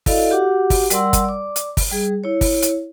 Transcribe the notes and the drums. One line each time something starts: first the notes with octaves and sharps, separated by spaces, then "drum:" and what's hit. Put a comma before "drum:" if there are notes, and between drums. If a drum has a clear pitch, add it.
E4 F#4 A4 D5 D#5 F5, drum: kick, open hi-hat
F#4 G4 F#5 D6
drum: kick, open hi-hat
G3 A#4 D5 F#5 C6 E6, drum: hi-hat
drum: kick, hi-hat
D5 D6
drum: hi-hat
drum: kick, open hi-hat
G3 G#4
E4 C#5
drum: kick, open hi-hat
drum: hi-hat